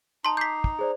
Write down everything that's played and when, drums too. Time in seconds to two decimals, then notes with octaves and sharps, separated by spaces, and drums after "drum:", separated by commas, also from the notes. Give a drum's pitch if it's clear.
0.25 D#4 A5 C6
0.37 D6 G6 B6 C7
0.64 drum: kick
0.79 G#4 C5 D5